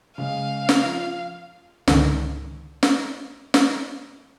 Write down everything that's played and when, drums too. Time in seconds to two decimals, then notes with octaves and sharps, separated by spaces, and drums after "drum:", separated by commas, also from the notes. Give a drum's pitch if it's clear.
0.18 C#3 G#3 F5
0.69 drum: snare
0.84 F3
1.88 C#2 G#2 D3 D#3, drum: snare
2.83 drum: snare
3.54 drum: snare